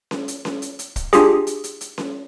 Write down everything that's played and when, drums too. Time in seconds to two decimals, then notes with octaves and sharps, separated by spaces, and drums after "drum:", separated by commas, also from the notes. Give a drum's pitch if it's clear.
0.11 drum: snare C#4
0.28 drum: hi-hat
0.45 drum: snare C#4
0.62 drum: hi-hat
0.79 drum: hi-hat
0.96 drum: kick, hi-hat
1.13 D4 F4 G4 G#4, drum: hi-hat
1.47 drum: hi-hat
1.64 drum: hi-hat
1.81 drum: hi-hat
1.98 drum: snare C#4